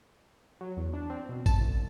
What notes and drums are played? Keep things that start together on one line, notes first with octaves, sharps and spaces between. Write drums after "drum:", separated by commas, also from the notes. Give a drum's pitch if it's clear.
F#3
E2
D4
C4
B2
A5, drum: kick G#1, tambourine
C2